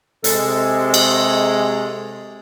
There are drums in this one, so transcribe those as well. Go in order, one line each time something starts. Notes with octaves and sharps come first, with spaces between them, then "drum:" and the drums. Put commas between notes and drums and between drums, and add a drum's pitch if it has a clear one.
C3 G#3 A4, drum: hi-hat
drum: cymbal